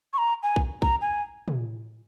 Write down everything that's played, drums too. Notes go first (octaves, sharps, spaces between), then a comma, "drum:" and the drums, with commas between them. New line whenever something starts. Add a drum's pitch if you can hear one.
C#6
A#5
G#5
drum: kick A#1
A#5, drum: kick A#1
G#5
drum: tom